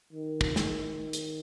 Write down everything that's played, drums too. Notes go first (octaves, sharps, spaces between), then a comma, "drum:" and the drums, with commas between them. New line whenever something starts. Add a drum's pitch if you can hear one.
D#3
drum: kick
D#3, drum: snare
drum: hi-hat